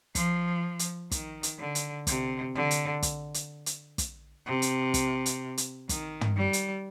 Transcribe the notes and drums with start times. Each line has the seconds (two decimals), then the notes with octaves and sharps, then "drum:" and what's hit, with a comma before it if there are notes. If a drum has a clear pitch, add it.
0.15 F3, drum: kick, hi-hat
0.79 drum: hi-hat
1.11 D#3, drum: kick, hi-hat
1.43 drum: hi-hat
1.59 D3
1.75 drum: hi-hat
2.07 C3, drum: kick, hi-hat
2.55 D3
2.71 drum: hi-hat
3.02 drum: kick, hi-hat
3.34 drum: hi-hat
3.66 drum: hi-hat
3.98 drum: kick, hi-hat
4.46 C3
4.62 drum: hi-hat
4.94 drum: kick, hi-hat
5.26 drum: hi-hat
5.58 drum: hi-hat
5.89 D#3, drum: kick, hi-hat
6.21 drum: tom
6.37 G3
6.53 drum: hi-hat